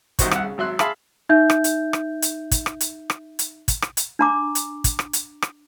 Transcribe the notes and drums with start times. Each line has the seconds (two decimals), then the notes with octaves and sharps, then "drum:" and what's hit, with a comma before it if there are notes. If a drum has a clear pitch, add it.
0.19 C2 C3 D#3 F#4 C5 C#6, drum: kick, hi-hat
0.31 C2 F#5, drum: rim click
0.43 C#3
0.58 G#1 F#3 E5 C6 F#6
0.79 G#4 E5 F5 A5 B5 C6, drum: rim click
1.29 D#4 E5 G6
1.50 drum: rim click
1.64 drum: hi-hat
1.93 drum: rim click
2.22 drum: hi-hat
2.51 drum: kick, hi-hat
2.66 drum: rim click
2.81 drum: hi-hat
3.10 drum: rim click
3.39 drum: hi-hat
3.68 drum: kick, hi-hat
3.82 drum: rim click
3.97 drum: hi-hat
4.19 D4 A#5 D6
4.55 drum: hi-hat
4.84 drum: kick, hi-hat
4.99 drum: rim click
5.13 drum: hi-hat
5.42 drum: rim click